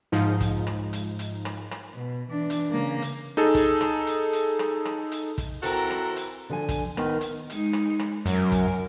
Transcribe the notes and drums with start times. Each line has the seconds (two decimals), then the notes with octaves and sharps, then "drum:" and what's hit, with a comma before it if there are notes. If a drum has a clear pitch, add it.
0.12 G#2 F3 D#4
0.40 drum: kick, hi-hat
0.67 drum: rim click
0.93 drum: hi-hat
1.19 drum: hi-hat
1.45 drum: rim click
1.71 drum: rim click
1.94 B2
2.30 E3 D4
2.50 drum: hi-hat
2.71 C#3 A#3
3.02 drum: hi-hat
3.37 D#4 G#4 A4
3.55 drum: kick, hi-hat
3.81 drum: rim click
4.07 drum: hi-hat
4.33 drum: hi-hat
4.59 drum: rim click
4.85 drum: rim click
5.12 drum: hi-hat
5.38 drum: kick, hi-hat
5.63 E3 C4 F#4 A4 A#4 A#5, drum: hi-hat
5.90 drum: rim click
6.16 drum: hi-hat
6.50 D3 F3 G#5
6.69 drum: kick, hi-hat
6.97 D#3 B3, drum: rim click
7.21 drum: hi-hat
7.50 G#3 D#4, drum: hi-hat
7.73 drum: rim click
7.99 drum: rim click
8.26 F#2 F#3 A#4, drum: hi-hat
8.52 drum: kick, hi-hat